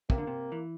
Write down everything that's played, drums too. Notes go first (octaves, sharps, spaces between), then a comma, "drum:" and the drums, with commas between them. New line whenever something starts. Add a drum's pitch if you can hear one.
C3 A#3, drum: kick
D3
C3
E3